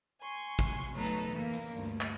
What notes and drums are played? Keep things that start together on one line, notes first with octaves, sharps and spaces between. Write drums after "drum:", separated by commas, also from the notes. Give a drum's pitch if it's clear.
G#5 C6 C#6
drum: kick
F#3 A3 B3 D#4 A4 B4
drum: hi-hat
E3 A#3
drum: hi-hat
D2 G2
drum: clap